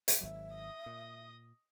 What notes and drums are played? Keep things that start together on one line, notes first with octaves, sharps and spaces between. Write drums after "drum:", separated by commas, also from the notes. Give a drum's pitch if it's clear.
drum: hi-hat
G#1 F#3 E5
D#5 D#6
A#2